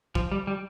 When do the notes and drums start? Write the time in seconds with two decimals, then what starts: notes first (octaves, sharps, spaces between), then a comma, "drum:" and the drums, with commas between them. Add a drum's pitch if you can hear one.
0.15 F3, drum: kick
0.32 G3
0.47 G3